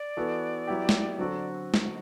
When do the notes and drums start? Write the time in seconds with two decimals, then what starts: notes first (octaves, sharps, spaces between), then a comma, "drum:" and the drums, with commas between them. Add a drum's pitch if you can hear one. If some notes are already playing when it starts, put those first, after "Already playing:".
Already playing: D5
0.17 E3 B3 F#4 A4
0.67 F#3 B3 E4 G4
0.89 drum: snare
1.18 D3 F#3 C4 F#4 A4
1.74 drum: snare